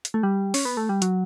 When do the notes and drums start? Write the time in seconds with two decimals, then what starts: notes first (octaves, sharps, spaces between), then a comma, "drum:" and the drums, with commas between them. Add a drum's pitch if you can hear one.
0.05 drum: hi-hat
0.14 A3
0.23 G3
0.54 C#4, drum: open hi-hat
0.65 B3
0.77 A3
0.89 G3
1.02 F#3, drum: hi-hat